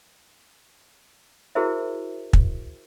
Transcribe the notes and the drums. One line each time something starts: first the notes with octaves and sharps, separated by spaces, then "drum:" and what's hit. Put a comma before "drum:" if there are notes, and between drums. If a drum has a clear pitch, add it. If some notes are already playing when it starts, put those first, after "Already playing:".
E4 F#4 G#4 A#4 C5 E5
drum: kick